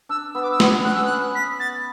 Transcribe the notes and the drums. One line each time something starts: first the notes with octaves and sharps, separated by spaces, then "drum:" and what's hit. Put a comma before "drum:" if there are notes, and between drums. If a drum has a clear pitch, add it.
D4 E6
B3 E6
D6
E6
B3, drum: snare
C#4 F#6
E6
F#6
B6
A6